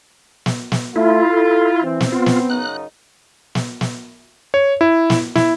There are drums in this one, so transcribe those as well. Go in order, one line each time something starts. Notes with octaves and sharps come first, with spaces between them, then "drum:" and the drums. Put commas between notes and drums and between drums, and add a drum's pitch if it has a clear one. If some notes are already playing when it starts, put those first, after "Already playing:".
drum: snare
drum: snare
A3 E4 F4
A4
E3 C4
drum: snare
B3 F4
drum: snare
F#2 C#3 D#4 F#6
drum: snare
drum: snare
C#5
E4
drum: snare
E4, drum: snare